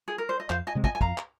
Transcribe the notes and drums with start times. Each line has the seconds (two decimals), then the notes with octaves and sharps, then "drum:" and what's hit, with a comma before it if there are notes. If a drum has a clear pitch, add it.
0.08 G#4
0.18 A#4
0.29 C5
0.40 D#5
0.50 F2 C5 F5, drum: clap
0.67 D#5 G#5
0.75 C3 G#3 C4
0.84 D#5 G#5, drum: kick
0.95 G#5
1.01 F2 F5 A#5, drum: kick
1.18 drum: clap